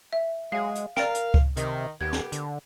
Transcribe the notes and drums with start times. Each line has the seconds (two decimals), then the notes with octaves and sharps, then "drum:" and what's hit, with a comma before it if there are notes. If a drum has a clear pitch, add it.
0.13 E5
0.52 F#3 G#3 G#4 F5
0.75 drum: hi-hat
0.97 A#4 D5 F5 G5, drum: snare
1.14 drum: hi-hat
1.34 drum: kick C#2
1.57 C3 D#3, drum: hi-hat
2.01 D#2 A#3 B3 G4 G#6
2.13 drum: snare
2.32 D3, drum: hi-hat